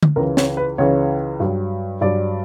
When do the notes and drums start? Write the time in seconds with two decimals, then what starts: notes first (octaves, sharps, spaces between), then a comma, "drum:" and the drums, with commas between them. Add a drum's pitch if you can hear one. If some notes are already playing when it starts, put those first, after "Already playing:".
0.03 drum: tom D3
0.16 C#2 C#3 E3 A#4
0.37 C#5, drum: snare
0.57 B4
0.78 C#2 C#3 E3 C#5
1.40 G2 F#3
2.01 G2 F#3 D5